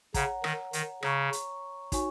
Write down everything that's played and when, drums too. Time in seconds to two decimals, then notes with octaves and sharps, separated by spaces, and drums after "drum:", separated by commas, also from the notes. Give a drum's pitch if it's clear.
0.14 C#3 C#5 F#5 A#5, drum: kick, hi-hat
0.44 D#3, drum: rim click
0.73 D#3, drum: hi-hat
1.03 C#3 C#5 A#5 C#6, drum: rim click
1.33 drum: hi-hat
1.92 D#4 F#4 C#5 G#5 C#6, drum: kick, hi-hat